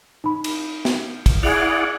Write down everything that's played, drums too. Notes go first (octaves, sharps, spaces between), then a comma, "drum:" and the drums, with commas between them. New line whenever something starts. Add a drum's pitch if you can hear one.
D#4 B5
drum: cymbal
drum: snare
drum: kick, cymbal
E4 G#4 D5 F#5 F7